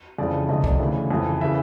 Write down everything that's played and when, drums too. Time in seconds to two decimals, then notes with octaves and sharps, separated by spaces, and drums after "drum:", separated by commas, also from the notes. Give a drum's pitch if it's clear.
0.18 F2 C#3 E3 D5
0.49 F2 C3 D#3 D#5
0.64 D5, drum: kick C2
0.79 D2 C#3 E3
1.11 F2 C#3 E3
1.41 C#3 E3 E5